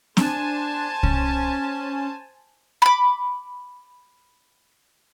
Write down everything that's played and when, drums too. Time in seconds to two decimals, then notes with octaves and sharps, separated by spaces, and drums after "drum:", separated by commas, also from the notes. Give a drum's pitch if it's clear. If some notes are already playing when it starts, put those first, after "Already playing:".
0.17 D4 C5 G#5 A5, drum: snare
1.03 C#4, drum: kick C2
2.82 B5 D6